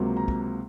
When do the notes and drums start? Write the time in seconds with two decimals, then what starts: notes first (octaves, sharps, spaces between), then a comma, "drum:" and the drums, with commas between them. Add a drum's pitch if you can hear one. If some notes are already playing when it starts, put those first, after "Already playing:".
Already playing: C#2 C3 F#3 A#3
0.17 A#5
0.28 drum: kick